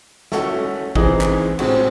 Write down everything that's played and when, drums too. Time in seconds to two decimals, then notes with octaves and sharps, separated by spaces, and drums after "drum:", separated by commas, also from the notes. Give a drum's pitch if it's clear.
0.32 A3 C#4 F#4, drum: snare
0.95 E3 C4 D#4 G#4, drum: kick
1.21 drum: clap
1.59 A2 G#3 C4 F#4, drum: cymbal